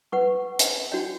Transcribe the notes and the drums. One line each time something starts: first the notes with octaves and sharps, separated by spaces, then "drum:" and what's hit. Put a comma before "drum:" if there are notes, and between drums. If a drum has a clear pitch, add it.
B4 F#5 C#6
drum: hi-hat
D4 F#4 C#5 G5